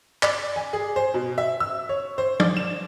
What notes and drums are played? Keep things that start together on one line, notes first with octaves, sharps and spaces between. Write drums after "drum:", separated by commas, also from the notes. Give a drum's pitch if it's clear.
D5, drum: clap
G#5
G#4
C5
B2
E5
E6
C#5
C5
D5, drum: tom F3
E7